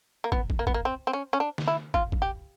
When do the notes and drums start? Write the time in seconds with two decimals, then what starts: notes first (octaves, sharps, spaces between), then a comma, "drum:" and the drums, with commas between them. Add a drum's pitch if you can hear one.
0.24 A#3
0.32 B3, drum: kick
0.50 drum: kick
0.59 A#3
0.67 B3, drum: kick
0.74 A#3
0.85 C4
1.07 C4
1.13 C#4
1.33 C#4
1.40 D4
1.58 drum: snare
1.68 E4
1.94 F4, drum: kick
2.12 drum: kick
2.22 G4